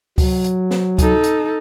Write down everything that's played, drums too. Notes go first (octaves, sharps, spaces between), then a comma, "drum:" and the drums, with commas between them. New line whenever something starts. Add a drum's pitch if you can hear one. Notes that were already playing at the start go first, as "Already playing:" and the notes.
F#3, drum: kick C#2, open hi-hat
drum: hi-hat
drum: snare
D#4 A4, drum: kick C#2, hi-hat
drum: hi-hat